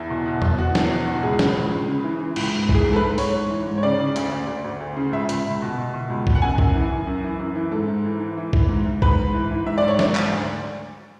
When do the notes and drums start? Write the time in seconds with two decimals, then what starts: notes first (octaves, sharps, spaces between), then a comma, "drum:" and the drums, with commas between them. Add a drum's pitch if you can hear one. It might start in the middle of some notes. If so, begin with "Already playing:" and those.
Already playing: E2 E4
0.10 B2
0.26 B2
0.42 B2, drum: tom E2
0.58 B2 F#4
0.75 E2, drum: snare
0.91 E2
1.07 B2
1.14 F#4
1.23 C#2 G#4
1.39 C#3, drum: snare
1.56 C#2
1.71 C#2
1.88 C#3
2.04 E3
2.20 E3
2.36 C#2, drum: cymbal
2.54 G#2
2.69 E3, drum: kick B1
2.74 G#4
2.86 G#2
2.93 A4
2.96 B4
3.02 G#2
3.18 G#2 C#5, drum: open hi-hat
3.35 G#2
3.50 E3
3.67 G#2
3.78 C#5
3.83 C#3 D5
3.99 C#3
4.16 D2, drum: hi-hat
4.32 D2
4.47 D2
4.64 D2
4.81 D2
4.97 C#3
5.12 C#2 E5
5.29 C#2, drum: hi-hat
5.45 C#2
5.62 B2
5.78 B2
5.94 B2
6.10 C#2
6.27 B2, drum: kick B1
6.35 F#5
6.42 F#2 G#5
6.58 F#2, drum: kick B1
6.75 E3
6.91 F#2
7.07 F#2
7.24 E3
7.39 F#2
7.55 E3
7.72 G#2 A4
7.88 G#2
8.05 E3
8.20 E3
8.37 E3
8.53 E3, drum: kick B1
8.69 G#2
8.86 G#2
9.02 G#2 B4, drum: kick B1
9.18 G#2
9.34 E3
9.51 E3
9.66 G#2 E5
9.78 D5
9.83 G#2
9.88 C#5
9.99 G#2 D5, drum: snare
10.15 G#2, drum: clap
10.32 D2